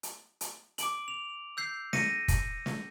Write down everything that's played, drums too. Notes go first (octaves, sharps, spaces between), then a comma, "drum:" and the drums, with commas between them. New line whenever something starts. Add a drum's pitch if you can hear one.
drum: hi-hat
drum: hi-hat
D6 D7 F#7, drum: hi-hat
F7
E6 G6 C7
A#6 C#7 D#7, drum: snare
drum: kick, hi-hat
drum: snare